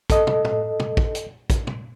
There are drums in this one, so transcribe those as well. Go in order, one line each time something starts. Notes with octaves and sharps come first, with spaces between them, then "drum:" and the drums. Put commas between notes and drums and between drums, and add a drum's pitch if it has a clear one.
A4 D#5, drum: kick, hi-hat
drum: tom
drum: tom
drum: tom
drum: kick
drum: hi-hat
drum: kick, hi-hat
drum: tom